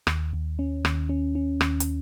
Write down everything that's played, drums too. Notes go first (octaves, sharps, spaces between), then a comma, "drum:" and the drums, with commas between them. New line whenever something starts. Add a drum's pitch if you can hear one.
D#2, drum: rim click
D#2
C#4
D#2, drum: rim click
C#4
C#4
D#2, drum: rim click
drum: hi-hat